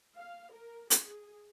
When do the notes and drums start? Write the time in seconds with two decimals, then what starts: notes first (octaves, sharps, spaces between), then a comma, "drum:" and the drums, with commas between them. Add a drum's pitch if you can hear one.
0.16 F5
0.51 A#4
0.90 G#4, drum: hi-hat